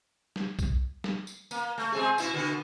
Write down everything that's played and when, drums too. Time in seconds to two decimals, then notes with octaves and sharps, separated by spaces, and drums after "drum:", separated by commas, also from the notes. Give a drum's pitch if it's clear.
0.36 drum: snare
0.59 drum: kick B1, tambourine
1.04 drum: snare
1.27 drum: tambourine
1.51 A#3, drum: tambourine
1.78 A3
1.92 G#3 C4 G#4
2.18 B2 E4, drum: tambourine
2.34 B2 D3 B3